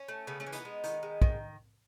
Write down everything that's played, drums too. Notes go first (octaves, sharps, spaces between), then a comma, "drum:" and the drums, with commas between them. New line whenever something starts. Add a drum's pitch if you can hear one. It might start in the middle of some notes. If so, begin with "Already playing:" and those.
Already playing: C#4
A3
C#3 B3
A3 C#4
E3
B3 D#4, drum: hi-hat
G#3
D#3, drum: hi-hat
G#3
D#3, drum: kick